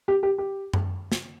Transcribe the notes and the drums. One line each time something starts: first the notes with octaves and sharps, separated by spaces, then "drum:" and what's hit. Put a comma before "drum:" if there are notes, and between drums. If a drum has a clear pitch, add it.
G4
G4
G4
drum: tom F#2
drum: snare